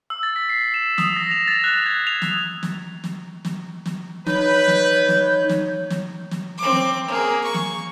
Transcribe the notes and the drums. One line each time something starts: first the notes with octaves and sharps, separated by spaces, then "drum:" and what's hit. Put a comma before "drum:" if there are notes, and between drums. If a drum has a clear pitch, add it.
E6
A6
B6
C7
E7
D#6, drum: snare
A#6
F7
A6
F#6
G#6
F7
drum: snare
drum: snare
drum: snare
drum: snare
drum: snare
D#4 B4 C#5 G6, drum: snare
drum: snare
drum: snare
drum: snare
drum: snare
drum: snare
C4 D6
drum: snare
A#3 G#4
C#6
drum: snare